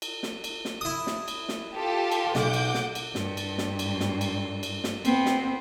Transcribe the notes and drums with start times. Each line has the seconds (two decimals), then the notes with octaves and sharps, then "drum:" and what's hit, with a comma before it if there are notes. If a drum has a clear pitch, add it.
0.02 drum: cymbal
0.23 drum: snare
0.44 drum: cymbal
0.65 drum: snare
0.81 E4 D#6
1.07 drum: snare
1.28 drum: cymbal
1.49 drum: snare
1.74 F4 G4 A4
2.12 drum: cymbal
2.35 B1 F#5 D6 G6, drum: snare
2.53 drum: cymbal
2.74 drum: snare
2.95 drum: cymbal
3.15 G2, drum: snare
3.37 drum: cymbal
3.58 drum: snare
3.79 drum: cymbal
4.00 drum: snare
4.21 drum: cymbal
4.63 drum: cymbal
4.84 drum: snare
5.05 B3 C4, drum: cymbal
5.26 drum: snare